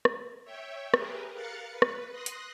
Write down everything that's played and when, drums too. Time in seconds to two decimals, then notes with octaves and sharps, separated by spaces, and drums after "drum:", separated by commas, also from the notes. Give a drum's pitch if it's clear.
0.05 drum: rim click
0.44 C#5 E5 G5
0.94 G4 G#4 A#4 B4, drum: rim click
1.33 A#4 F5 F#6 A6 C#7
1.71 B4
1.82 drum: rim click
2.11 C6 D#6 F#6 A#6
2.26 drum: hi-hat